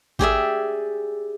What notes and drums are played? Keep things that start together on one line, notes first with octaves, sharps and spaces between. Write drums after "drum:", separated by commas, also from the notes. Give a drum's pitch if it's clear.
G4 G#4 D5 E5, drum: kick G#1